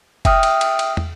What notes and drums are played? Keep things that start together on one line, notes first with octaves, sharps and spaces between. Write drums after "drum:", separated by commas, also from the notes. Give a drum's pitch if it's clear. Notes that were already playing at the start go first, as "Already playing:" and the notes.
E5 G5 D#6 F6, drum: kick F#1, cymbal
drum: cymbal
drum: cymbal
drum: cymbal
drum: tom